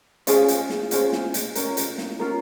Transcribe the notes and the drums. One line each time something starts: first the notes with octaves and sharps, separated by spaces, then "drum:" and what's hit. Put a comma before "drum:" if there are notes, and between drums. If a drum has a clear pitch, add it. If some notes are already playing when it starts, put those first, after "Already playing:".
C#4 F4 G#4 C5, drum: hi-hat
drum: hi-hat
drum: snare
C#4 F4 G#4 C5, drum: hi-hat
drum: snare
drum: hi-hat
C#4 F4 A#4, drum: hi-hat
drum: hi-hat
drum: snare
C#4 F4 A#4